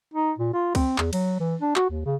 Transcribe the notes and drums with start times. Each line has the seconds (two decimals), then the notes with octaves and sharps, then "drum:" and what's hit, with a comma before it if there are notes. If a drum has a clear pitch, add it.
0.14 D#4
0.38 A#2
0.53 F4
0.75 C4, drum: kick C#2, cymbal
0.98 E2, drum: clap
1.13 F#3, drum: cymbal
1.40 E3
1.61 D4
1.76 F#4, drum: clap
1.90 D#2
2.06 C#3